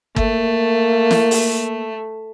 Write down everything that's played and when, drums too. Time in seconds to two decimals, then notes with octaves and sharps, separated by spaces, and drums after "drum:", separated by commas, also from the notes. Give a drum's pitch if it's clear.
0.16 A3 A#3, drum: kick
1.11 drum: snare
1.31 drum: open hi-hat